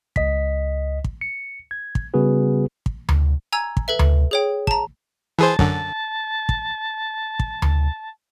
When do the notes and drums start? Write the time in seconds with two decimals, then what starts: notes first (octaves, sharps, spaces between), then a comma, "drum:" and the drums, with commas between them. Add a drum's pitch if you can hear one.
0.16 C#2 D#5 B6, drum: kick
1.04 drum: kick
1.21 C#7
1.71 G#6
1.95 drum: kick
2.14 C#3 G3 B3 F#4 G#4 B4
2.86 drum: kick
3.09 drum: tom D2
3.52 G#5 A#5 E6 G#6
3.77 drum: kick
3.88 A4 B4 E5
3.99 drum: tom D2
4.31 G#4 C#5 G5
4.67 A5 A#5, drum: kick
5.39 E3 G#4 C5 A5
5.59 F#2 D3, drum: kick
6.49 drum: kick
7.40 drum: kick
7.62 drum: tom D2